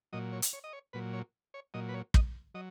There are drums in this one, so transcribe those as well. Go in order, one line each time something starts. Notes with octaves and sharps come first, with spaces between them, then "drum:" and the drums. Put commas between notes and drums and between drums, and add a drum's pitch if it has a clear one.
A#2 F#3 D#5
C#5
drum: hi-hat
C#5
D#5
C#5
A#2 F#3 B4
C#5
C#5
A#2 F#3 D#5
B4
C#5
D#5, drum: kick
F#3 D#5